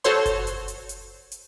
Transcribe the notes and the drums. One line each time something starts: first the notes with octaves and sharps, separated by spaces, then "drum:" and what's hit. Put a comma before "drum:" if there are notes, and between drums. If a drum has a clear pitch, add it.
F#4 A4 C5 C#5 C6, drum: hi-hat
drum: kick F#1, hi-hat
drum: hi-hat
drum: hi-hat
drum: hi-hat
drum: hi-hat